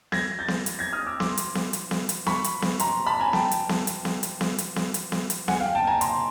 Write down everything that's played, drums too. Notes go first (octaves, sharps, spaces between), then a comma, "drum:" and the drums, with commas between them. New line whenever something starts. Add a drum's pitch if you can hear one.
G#6 A#6, drum: snare B3
G6 A6
drum: snare B3
drum: hi-hat
G#6 A#6
D#6 F6
D6 E6
C6 D6, drum: snare B3
drum: hi-hat
drum: snare B3
drum: hi-hat
drum: snare B3
drum: hi-hat
B5 C#6, drum: snare B3
drum: hi-hat
drum: snare B3
A#5 C6, drum: hi-hat
A5 B5
G#5 A#5
G5 A5, drum: snare B3
drum: hi-hat
drum: snare B3
drum: hi-hat
drum: snare B3
drum: hi-hat
drum: snare B3
drum: hi-hat
drum: snare B3
drum: hi-hat
drum: snare B3
drum: hi-hat
F#5 G#5, drum: snare B3
F5 G5
G5 A5
G#5 A#5
A#5 C6, drum: hi-hat